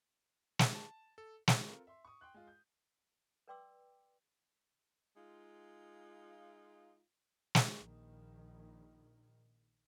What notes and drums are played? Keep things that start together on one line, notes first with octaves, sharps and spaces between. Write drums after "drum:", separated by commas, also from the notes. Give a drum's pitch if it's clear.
drum: snare
A5
A4
drum: snare
C4 F4 A4 A#4
E5 C6
C#6 D#6
G5 C6 F#6
G#3 F4
G6
B4 D5 G5 C6 D6 E6
G#3 D#4 F4
drum: snare
A#1 D#3